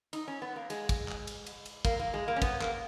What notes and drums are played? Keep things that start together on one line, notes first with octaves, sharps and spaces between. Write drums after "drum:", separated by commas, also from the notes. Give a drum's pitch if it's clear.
D#4, drum: cymbal
C#4
B3
A#3
G#3, drum: cymbal
drum: kick, cymbal
drum: clap
drum: cymbal
drum: cymbal
drum: cymbal
A#3, drum: kick, cymbal
A#3
G#3
A#3
C#4
B3, drum: kick, cymbal
A#3, drum: clap